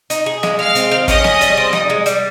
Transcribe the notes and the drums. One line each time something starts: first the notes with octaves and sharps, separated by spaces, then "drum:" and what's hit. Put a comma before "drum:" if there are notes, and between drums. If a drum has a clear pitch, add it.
D#4, drum: hi-hat
G#4
G#3, drum: snare
G#3 F5 F6
C4, drum: hi-hat
D#3
C#4 D#5 D#6, drum: kick, hi-hat
G#4, drum: snare
G3, drum: hi-hat
C4
D#4, drum: snare
G#3
G3, drum: hi-hat